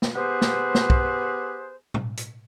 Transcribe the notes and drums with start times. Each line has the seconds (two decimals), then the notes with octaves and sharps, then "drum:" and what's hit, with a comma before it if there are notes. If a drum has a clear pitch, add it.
0.02 drum: snare
0.16 B3 G4 G#4 B4 C5
0.41 drum: snare
0.75 drum: snare
0.90 drum: kick
1.94 drum: tom A2
2.17 drum: hi-hat